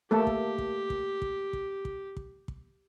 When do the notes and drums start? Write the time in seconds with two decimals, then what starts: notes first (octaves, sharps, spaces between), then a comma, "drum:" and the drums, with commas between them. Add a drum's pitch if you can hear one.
0.11 A3 A#3 G4 A4
0.27 drum: kick
0.58 drum: kick
0.90 drum: kick
1.22 drum: kick
1.53 drum: kick
1.85 drum: kick
2.17 drum: kick
2.48 drum: kick